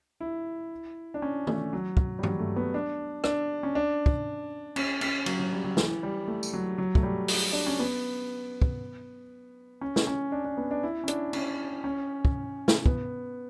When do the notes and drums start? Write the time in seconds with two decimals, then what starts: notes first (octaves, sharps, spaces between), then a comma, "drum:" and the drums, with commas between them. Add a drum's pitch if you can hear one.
0.20 E4
1.14 D4
1.22 C#4
1.47 A3, drum: tom
1.73 F#3
1.97 drum: kick
2.19 G3
2.23 F#3, drum: tom G2
2.39 A3
2.56 B3
2.74 D4
3.24 D4, drum: rim click
3.63 C#4
3.75 D4
4.06 drum: kick
4.76 C#4, drum: cymbal
5.01 C#4, drum: cymbal
5.26 F#3, drum: cymbal
5.40 F#3
5.52 G3
5.64 F#3
5.77 E3, drum: snare
6.03 G3
6.28 A3
6.43 drum: tambourine
6.53 F#3
6.78 F#3
6.95 A3, drum: kick
7.03 G3
7.28 drum: open hi-hat
7.53 D4
7.67 C#4
7.80 B3
8.62 drum: kick
9.81 C#4
9.96 drum: snare
10.07 C#4
10.32 D4
10.45 D4
10.57 B3
10.71 D4
10.83 E4
11.04 C#4
11.08 D4, drum: hi-hat
11.33 C#4, drum: cymbal
11.84 C#4
12.25 drum: kick
12.68 drum: snare
12.86 B3, drum: kick